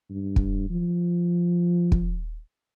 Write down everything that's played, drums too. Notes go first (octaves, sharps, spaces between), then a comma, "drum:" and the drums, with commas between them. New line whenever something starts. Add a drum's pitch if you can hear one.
G2
drum: kick
F3
drum: kick